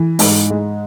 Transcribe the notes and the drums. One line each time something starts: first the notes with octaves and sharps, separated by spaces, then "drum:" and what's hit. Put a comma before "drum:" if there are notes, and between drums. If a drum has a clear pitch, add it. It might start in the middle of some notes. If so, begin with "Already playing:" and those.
Already playing: E3
G#2, drum: open hi-hat
G#3